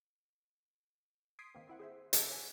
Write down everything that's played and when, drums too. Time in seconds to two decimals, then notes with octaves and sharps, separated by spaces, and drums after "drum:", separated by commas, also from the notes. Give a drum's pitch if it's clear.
1.39 C6 D#6 G#6 B6 C7 D7
1.54 D#3 A#3 C4
1.68 C4 E4 F#5
1.79 G#4 C5 E5
2.13 G#5 A5 D6 E6 G#6 A6, drum: hi-hat
2.29 C#5 E5 F#5 G#5 B6